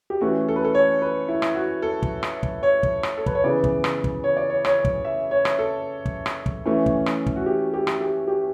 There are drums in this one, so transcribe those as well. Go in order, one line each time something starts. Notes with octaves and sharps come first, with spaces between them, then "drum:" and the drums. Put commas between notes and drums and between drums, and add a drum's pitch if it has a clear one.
G4
E3 A3 C#4 F#4
A4
B4
A4
C#5
B4
E4
drum: rim click
F#4
A4
drum: kick
drum: rim click
drum: kick
C#5
drum: kick
drum: rim click
A4
B4, drum: kick
C#5
C#3 E3 B3 D5
drum: kick
drum: rim click
drum: kick
C#5
D5
C#5
C#5, drum: rim click
drum: kick
E5
C#5
drum: rim click
A4
drum: kick
drum: rim click
drum: kick
E3 A3 C#4
drum: kick
drum: rim click
drum: kick
F#4
G4
G4
drum: rim click
G4
G4